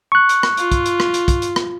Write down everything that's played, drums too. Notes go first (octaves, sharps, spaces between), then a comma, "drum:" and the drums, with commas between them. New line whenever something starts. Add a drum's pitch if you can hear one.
C#6 F#6
drum: hi-hat
drum: rim click
F4, drum: hi-hat
drum: kick, hi-hat
drum: hi-hat
drum: rim click
drum: hi-hat
drum: kick, hi-hat
drum: hi-hat
drum: rim click